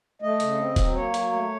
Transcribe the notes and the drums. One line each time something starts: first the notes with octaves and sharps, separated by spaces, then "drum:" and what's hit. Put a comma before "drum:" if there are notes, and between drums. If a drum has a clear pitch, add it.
A3 D#5
C#3, drum: hi-hat
C4
F#3, drum: kick E1, hi-hat
A#3 C#5
F#3, drum: hi-hat
A3